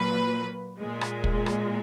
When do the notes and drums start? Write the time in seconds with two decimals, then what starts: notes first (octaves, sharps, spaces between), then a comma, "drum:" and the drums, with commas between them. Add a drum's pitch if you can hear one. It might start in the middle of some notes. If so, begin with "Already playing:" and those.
Already playing: A#2 F#3 A#3 B4
0.79 A#2 G#3
1.01 drum: rim click
1.24 drum: kick
1.46 drum: rim click